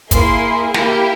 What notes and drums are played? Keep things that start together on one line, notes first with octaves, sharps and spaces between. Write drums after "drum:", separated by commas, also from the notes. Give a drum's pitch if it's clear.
A#3 E4 G#4 C6, drum: kick, hi-hat
A#3 E4 G4, drum: snare